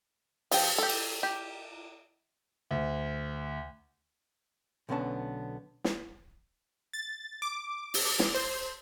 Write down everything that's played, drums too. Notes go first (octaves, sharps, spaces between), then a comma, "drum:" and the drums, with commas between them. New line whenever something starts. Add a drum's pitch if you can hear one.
F3 G5, drum: open hi-hat
G4 A4
drum: cymbal
G4
D2
B1 D3 B3 C#4 A5
drum: snare
A6
D6
drum: open hi-hat
drum: snare
C5